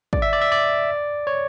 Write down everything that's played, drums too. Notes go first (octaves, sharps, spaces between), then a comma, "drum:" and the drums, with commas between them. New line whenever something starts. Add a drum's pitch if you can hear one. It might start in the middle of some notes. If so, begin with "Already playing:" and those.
D5, drum: kick
E5
D5
E5
D5
C#5